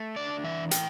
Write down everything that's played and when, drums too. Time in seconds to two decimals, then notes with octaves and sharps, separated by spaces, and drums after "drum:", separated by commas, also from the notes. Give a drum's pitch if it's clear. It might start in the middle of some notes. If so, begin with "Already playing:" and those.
Already playing: A3
0.16 D4 D5
0.44 E3 E5
0.71 A2 G5, drum: hi-hat